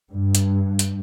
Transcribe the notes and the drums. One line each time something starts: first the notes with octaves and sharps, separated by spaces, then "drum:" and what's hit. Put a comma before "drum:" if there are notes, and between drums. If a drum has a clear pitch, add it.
G2
drum: hi-hat
drum: hi-hat